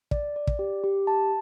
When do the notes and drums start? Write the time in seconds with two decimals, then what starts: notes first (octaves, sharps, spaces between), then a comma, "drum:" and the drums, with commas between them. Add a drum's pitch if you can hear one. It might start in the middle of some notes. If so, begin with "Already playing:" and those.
0.11 D5, drum: kick
0.36 D5
0.47 drum: kick
0.59 G4
0.84 G4
1.07 A5